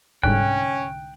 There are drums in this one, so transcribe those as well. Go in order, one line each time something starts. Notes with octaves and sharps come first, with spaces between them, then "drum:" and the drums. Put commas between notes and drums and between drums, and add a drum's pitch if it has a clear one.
C2 G#2 D3 C#4 G5 F#6, drum: kick